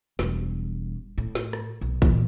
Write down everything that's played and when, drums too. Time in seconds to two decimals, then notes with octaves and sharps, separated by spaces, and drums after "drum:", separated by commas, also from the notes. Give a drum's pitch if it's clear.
0.19 E1 G3, drum: snare
1.18 A2
1.35 drum: snare
1.53 drum: rim click
1.81 B1
2.02 E2 A#2, drum: kick A#1